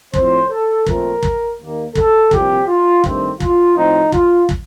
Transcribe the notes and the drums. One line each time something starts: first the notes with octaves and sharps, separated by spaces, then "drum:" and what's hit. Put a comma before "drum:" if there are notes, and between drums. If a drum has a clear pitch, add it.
A2 F3 C4 C5, drum: kick
A4
A#2 F3 A3 C4 A#4, drum: kick
drum: kick
D#2 D#3 A#3
A4, drum: kick
C2 A#2 F3 C4 G4, drum: kick
F4
G2 D#3 A3 C4, drum: kick
F4, drum: kick
A2 F3 C4 D#4
F4, drum: kick
drum: kick